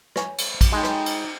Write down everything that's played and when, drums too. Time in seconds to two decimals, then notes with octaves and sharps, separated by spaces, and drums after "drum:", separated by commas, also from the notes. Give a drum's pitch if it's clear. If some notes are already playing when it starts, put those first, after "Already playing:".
0.16 C#5 G#5, drum: rim click
0.38 drum: cymbal
0.61 drum: kick, cymbal
0.72 G#3 D#4 G5 A5 B5
0.83 drum: rim click
1.06 drum: cymbal